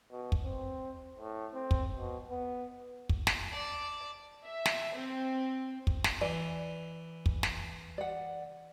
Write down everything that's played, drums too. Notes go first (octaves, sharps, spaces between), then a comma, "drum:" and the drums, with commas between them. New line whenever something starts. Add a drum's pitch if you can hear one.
B2
drum: kick
C4
A2
C4
drum: kick
B2
B3
drum: kick
drum: snare
D5 A5
E5
drum: snare
C4
drum: kick
drum: snare
E3 D5
drum: kick
drum: snare
D5 F#5